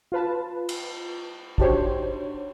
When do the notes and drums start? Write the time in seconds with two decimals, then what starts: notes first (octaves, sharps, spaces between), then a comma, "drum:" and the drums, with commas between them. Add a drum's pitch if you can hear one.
0.12 F4 B4 A5
0.69 drum: cymbal
1.58 D4 D#4 F#4 G4 C5 C#5, drum: kick A1